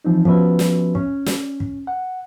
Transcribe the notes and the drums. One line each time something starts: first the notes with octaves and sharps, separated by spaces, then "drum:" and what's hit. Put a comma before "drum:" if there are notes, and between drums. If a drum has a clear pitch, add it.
E3 F3 C4 D#4
F3 B3 C#4 F#4 B4 E5, drum: kick
drum: snare
C#4, drum: kick
drum: snare
drum: kick
F#5